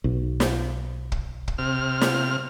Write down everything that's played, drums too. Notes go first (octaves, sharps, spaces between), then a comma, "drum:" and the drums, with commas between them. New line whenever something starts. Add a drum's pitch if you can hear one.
B1
drum: snare
drum: kick
drum: kick
C3 F6
drum: snare